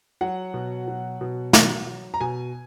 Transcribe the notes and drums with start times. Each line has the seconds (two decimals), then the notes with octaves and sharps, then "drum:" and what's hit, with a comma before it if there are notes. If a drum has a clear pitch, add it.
0.21 F#3 F#5
0.54 B2
0.88 F#3
1.21 B2
1.53 F#3, drum: snare
1.87 F#3
2.14 A#5
2.21 B2 G#5